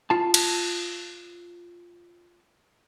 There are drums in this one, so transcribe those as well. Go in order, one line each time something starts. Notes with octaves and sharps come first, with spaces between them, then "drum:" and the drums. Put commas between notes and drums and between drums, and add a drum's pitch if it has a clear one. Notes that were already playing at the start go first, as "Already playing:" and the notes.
F4 A5
drum: cymbal